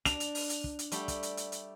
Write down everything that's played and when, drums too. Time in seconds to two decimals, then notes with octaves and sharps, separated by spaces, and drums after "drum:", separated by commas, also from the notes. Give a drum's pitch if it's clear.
0.05 D4 F7, drum: kick, hi-hat
0.20 drum: hi-hat
0.35 drum: open hi-hat
0.49 drum: hi-hat
0.64 drum: kick
0.79 drum: hi-hat
0.92 G3 A3 G4, drum: hi-hat
1.08 drum: kick, hi-hat
1.23 drum: hi-hat
1.37 drum: hi-hat
1.52 drum: hi-hat